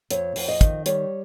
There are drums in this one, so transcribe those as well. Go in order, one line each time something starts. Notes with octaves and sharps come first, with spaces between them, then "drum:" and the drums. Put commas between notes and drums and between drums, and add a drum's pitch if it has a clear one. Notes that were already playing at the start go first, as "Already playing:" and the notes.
F2 C#5, drum: hi-hat
F2, drum: open hi-hat
D#5
D#3, drum: kick, hi-hat
G3 C#5, drum: hi-hat